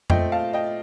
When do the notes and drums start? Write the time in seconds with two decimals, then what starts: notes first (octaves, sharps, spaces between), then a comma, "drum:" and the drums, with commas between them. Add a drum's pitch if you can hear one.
0.10 A#2 A3 C4 D#5 G5, drum: tom F2
0.32 F5 A5
0.53 D#5 G5